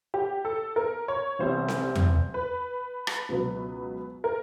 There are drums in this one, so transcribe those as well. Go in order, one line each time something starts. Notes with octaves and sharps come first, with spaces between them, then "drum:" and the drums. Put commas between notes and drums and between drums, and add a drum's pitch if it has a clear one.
G4
A4
A#4
C#5
C2 C3 E3 G3 C5
drum: snare C4
drum: tom E2
B4
drum: rim click
C#2 B2 F#3 B3
A#4